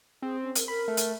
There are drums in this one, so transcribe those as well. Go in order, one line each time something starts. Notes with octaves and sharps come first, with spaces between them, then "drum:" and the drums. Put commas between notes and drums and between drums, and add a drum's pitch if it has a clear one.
C4 G#4
C#4
A#4, drum: hi-hat
A#4 B5
A3
drum: hi-hat